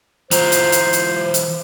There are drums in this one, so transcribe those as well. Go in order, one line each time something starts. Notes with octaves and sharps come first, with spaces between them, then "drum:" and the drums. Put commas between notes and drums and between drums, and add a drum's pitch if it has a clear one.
E3 F4 C5 A#5, drum: hi-hat
drum: hi-hat
drum: hi-hat
drum: hi-hat
drum: hi-hat